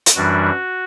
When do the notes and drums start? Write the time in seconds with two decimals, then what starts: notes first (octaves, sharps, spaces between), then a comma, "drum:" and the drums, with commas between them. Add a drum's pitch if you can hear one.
0.06 drum: hi-hat
0.15 F#2 E3 G3 D4 F#4